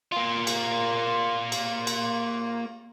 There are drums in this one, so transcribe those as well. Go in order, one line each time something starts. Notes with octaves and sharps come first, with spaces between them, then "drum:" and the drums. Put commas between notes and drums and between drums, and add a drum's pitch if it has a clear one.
A#3 F4
drum: cymbal
drum: cymbal
drum: cymbal